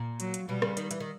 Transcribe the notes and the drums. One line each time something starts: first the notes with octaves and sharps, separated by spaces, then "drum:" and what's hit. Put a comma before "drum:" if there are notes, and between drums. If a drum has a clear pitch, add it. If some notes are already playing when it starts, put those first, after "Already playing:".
Already playing: A#2
F#3, drum: hi-hat
drum: hi-hat
B2 G3
C#3, drum: rim click
D#3, drum: hi-hat
E3, drum: hi-hat
D#3